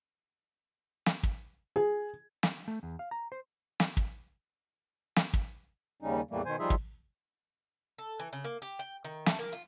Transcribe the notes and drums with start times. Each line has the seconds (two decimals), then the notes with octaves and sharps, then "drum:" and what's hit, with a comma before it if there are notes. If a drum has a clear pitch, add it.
1.06 drum: snare
1.23 drum: kick
1.76 G#4
2.43 drum: snare
2.68 A3
2.83 E2
2.99 F5
3.11 A#5
3.32 C5
3.80 drum: snare
3.97 drum: kick
5.16 drum: snare
5.33 drum: kick
6.02 D#2 C#3 G3 C#4 D#4
6.31 E2 A2 E3 G3 A3 A#3
6.45 B2 D#3 C5 G#5
6.59 F3 G3 D#4 F4 G#4 E5
6.70 drum: kick
7.98 A4
8.19 E3
8.33 C#3
8.44 A#3
8.62 G4
8.79 G5
9.04 D#3
9.26 A3, drum: snare
9.39 A#3
9.53 F4